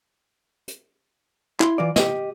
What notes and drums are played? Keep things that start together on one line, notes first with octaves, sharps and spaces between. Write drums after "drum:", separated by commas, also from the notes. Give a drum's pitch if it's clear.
drum: hi-hat
E4 C6, drum: clap
E3 F4 D5
G4 D#5, drum: snare